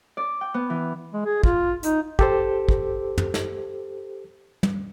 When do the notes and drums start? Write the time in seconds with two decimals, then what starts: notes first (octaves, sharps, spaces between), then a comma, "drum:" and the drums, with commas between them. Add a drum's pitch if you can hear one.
0.17 D5
0.41 G5
0.54 B3
0.70 E3
1.13 G#3
1.25 G#4
1.44 F4, drum: kick
1.83 D#4, drum: hi-hat
2.19 G4 A4 C5, drum: kick
2.69 drum: kick
3.18 drum: tom
3.34 drum: snare
4.63 drum: tom